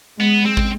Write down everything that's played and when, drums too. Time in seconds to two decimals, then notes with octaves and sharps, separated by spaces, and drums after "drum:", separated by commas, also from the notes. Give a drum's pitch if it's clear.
0.21 G#3 B3
0.45 C4
0.57 drum: kick